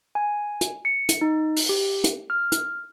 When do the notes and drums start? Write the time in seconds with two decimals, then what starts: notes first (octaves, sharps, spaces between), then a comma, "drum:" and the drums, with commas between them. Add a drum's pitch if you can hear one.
0.15 G#5
0.61 drum: hi-hat
0.85 C#7
1.09 drum: hi-hat
1.21 D#4
1.56 drum: open hi-hat
1.69 G4
2.04 drum: hi-hat
2.30 F6
2.52 drum: hi-hat